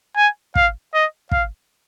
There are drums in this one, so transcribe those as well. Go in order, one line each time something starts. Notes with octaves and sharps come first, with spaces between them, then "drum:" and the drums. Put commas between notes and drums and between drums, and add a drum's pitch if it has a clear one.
G#5
F5, drum: kick
D#5
F5, drum: kick